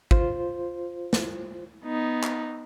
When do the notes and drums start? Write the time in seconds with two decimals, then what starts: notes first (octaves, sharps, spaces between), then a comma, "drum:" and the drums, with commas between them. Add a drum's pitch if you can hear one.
0.11 F4 C5, drum: kick
1.13 drum: snare
1.85 B3 D#4
2.23 drum: clap